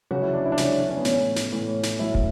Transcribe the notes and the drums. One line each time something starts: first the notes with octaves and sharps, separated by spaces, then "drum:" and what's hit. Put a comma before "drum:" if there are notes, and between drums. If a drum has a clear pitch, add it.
C#3 F#3 F#4
E4
D4
E4
D4
C#3 F#3 C#4, drum: snare
D4
C#4
B3
A2 E3 C#4, drum: snare
drum: snare
A2 E3
drum: snare
A2 F#3 E4
drum: kick